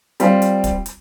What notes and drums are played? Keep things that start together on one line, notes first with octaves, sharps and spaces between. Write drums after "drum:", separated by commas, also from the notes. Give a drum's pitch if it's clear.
G3 C4 F4, drum: hi-hat
drum: hi-hat
drum: kick, hi-hat
drum: hi-hat